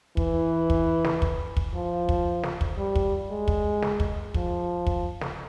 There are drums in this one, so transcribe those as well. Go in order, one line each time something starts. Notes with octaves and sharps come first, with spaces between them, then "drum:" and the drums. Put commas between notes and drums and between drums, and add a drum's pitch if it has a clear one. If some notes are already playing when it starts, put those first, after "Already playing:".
E3, drum: kick
drum: kick
drum: snare
drum: kick
drum: kick
F3
drum: kick
drum: snare
drum: kick
G3
drum: kick
G#3
drum: kick
drum: snare
drum: kick
F3, drum: kick
drum: kick
drum: snare